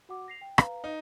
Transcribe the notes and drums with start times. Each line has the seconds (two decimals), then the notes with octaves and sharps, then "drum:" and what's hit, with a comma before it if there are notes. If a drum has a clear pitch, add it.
0.09 F#4 F#5 D6
0.28 A#6 C7 F7
0.41 G5
0.58 B4 F5 A#5, drum: rim click
0.84 D#4